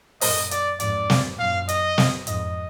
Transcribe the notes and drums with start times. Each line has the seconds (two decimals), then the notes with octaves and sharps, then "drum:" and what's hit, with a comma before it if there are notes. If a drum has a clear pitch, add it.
0.21 F#2 A#2 D#5, drum: open hi-hat
0.51 D5, drum: hi-hat
0.80 F2 G#2 D5, drum: hi-hat
1.10 drum: snare
1.38 F#2 A#2 F5
1.69 D#5, drum: hi-hat
1.98 drum: snare
2.27 F2 G#2 D#5, drum: hi-hat